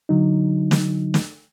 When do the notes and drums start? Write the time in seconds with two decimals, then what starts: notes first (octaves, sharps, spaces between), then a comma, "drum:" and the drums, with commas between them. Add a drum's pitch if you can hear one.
0.09 D3 F#3 D#4
0.71 drum: snare
1.14 drum: snare